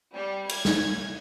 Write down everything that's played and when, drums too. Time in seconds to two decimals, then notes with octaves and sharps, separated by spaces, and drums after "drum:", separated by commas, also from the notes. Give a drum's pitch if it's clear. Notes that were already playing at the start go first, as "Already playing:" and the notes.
0.15 G3
0.49 G#6, drum: cymbal
0.65 drum: snare